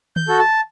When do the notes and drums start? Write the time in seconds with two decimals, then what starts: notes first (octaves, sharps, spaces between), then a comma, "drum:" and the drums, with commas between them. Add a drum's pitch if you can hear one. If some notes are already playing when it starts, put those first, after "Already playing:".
0.16 G6, drum: tom D#3
0.28 F#4 A4
0.39 A5